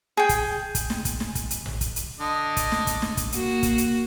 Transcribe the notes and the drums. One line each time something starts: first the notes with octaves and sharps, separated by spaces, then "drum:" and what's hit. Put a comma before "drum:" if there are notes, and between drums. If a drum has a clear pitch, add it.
G#4 G5
drum: kick, hi-hat
drum: kick, hi-hat
drum: snare
drum: kick, hi-hat
drum: snare
drum: kick, hi-hat
drum: hi-hat
drum: tom A1
drum: kick, hi-hat
drum: hi-hat
D3 D#5
drum: kick, hi-hat
drum: snare
drum: kick, hi-hat
drum: snare
drum: kick, hi-hat
A#3 F#4, drum: hi-hat
drum: kick, hi-hat
drum: hi-hat